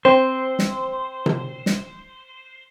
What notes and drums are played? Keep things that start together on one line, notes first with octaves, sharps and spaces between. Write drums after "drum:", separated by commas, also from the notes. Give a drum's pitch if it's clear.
C4 C5
drum: snare
drum: tom C3
drum: snare